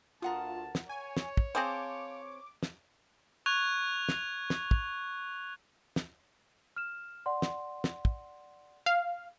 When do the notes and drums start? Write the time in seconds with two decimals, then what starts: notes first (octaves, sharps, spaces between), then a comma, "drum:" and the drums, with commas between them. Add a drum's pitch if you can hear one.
0.22 D2 F4 A#4 F#5 A5 D#6
0.75 drum: snare
0.89 C#5 G#5
1.17 drum: snare
1.37 drum: kick
1.55 C4 G#4 C5 F5 A5 D6
2.63 drum: snare
3.46 C#6 F#6 G#6 F7
4.09 drum: snare
4.50 drum: snare
4.71 drum: kick
5.96 drum: snare
6.76 F6 E7
7.26 D5 F#5 C6
7.42 drum: snare
7.84 drum: snare
8.05 drum: kick
8.86 F5